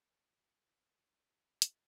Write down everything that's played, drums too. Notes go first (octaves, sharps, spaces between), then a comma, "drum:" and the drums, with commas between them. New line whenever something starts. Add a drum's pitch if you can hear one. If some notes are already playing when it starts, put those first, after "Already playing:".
F4
G4
F4, drum: hi-hat